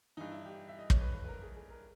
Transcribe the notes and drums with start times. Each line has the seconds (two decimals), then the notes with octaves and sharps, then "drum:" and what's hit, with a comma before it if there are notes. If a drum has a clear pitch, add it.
0.17 G2 E3 D#4
0.32 E4
0.46 G4
0.68 E5
0.79 D#5
0.90 C#5, drum: kick
1.01 B4
1.14 B4
1.24 B4
1.28 A#4
1.43 G#4
1.56 G#4
1.70 A#4